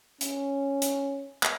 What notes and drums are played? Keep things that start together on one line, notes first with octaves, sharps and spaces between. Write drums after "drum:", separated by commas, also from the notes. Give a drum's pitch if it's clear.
C#4, drum: hi-hat
drum: hi-hat
drum: clap